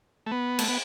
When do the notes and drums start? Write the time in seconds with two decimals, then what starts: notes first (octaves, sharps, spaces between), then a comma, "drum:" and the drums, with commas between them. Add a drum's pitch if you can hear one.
0.26 A3
0.31 B3
0.59 A3, drum: cymbal
0.68 B3